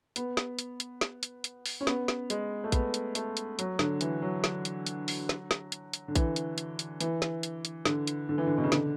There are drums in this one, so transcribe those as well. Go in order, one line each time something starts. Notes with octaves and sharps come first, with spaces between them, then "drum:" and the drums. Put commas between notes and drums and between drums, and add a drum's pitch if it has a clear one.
B3, drum: hi-hat
drum: snare
drum: hi-hat
drum: hi-hat
drum: snare
drum: hi-hat
drum: hi-hat
drum: open hi-hat
C#4
B3, drum: snare
drum: snare
G#3, drum: hi-hat
A3
B3, drum: kick A#1, hi-hat
drum: hi-hat
A3, drum: hi-hat
drum: hi-hat
F#3, drum: hi-hat
D3, drum: snare
E3, drum: hi-hat
F#3
drum: snare
drum: hi-hat
drum: hi-hat
drum: open hi-hat
drum: snare
drum: snare
drum: hi-hat
drum: hi-hat
D3
E3, drum: kick A#1, hi-hat
drum: hi-hat
drum: hi-hat
drum: hi-hat
E3, drum: hi-hat
drum: snare
drum: hi-hat
drum: hi-hat
D3, drum: snare
drum: hi-hat
D3
E3
D3
B2
C#3
D3, drum: snare